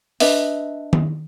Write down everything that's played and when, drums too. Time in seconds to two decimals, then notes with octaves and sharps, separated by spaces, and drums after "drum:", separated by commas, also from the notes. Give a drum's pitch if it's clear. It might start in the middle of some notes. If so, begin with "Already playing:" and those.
0.20 D4 B4 D#5 E5, drum: open hi-hat
0.93 drum: tom D#3